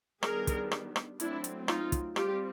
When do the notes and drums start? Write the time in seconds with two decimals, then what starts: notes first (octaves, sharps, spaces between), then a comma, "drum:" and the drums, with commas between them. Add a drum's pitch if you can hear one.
0.23 D#3 G3 B3 D4 G#4 A#4, drum: rim click
0.47 drum: kick, hi-hat
0.71 drum: rim click
0.96 drum: rim click
1.20 F#3 A3 C4 D4 E4, drum: hi-hat
1.44 drum: hi-hat
1.68 D#4 F4, drum: rim click
1.92 drum: kick, hi-hat
2.16 G3 C4 F4 G4, drum: rim click